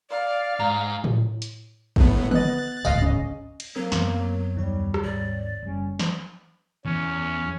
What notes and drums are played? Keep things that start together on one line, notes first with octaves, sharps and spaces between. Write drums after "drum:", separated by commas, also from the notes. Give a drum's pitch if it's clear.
D5 F5
G#2 A#5
drum: tom A2
drum: hi-hat
G1 A2 B3, drum: kick
B3 D#5 F#6 A6, drum: tom D3
D1 G#1 C#2 D#5 F5, drum: tambourine
C#4 D#5
drum: cymbal
F#3 A#3 C4 A#4
F#2 B3, drum: snare
D#2 D#3 G3 C#5
drum: rim click
G#1 D5
F#1 G3 C#4
drum: snare
E2 C#4